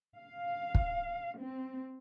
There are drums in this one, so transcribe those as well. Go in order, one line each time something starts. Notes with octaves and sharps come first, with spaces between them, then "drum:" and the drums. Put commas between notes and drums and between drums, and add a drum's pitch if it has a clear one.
F5
drum: kick
C4